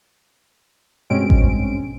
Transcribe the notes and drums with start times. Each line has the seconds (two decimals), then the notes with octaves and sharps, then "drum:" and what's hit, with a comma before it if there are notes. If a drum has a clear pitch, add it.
1.10 G2 B2 G#3 C4 C#4 D7
1.30 drum: kick A1